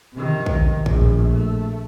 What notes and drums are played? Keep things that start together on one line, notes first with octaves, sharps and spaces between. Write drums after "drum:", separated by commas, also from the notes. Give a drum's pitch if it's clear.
C3 D#3
drum: kick
A#1 A2, drum: kick
A3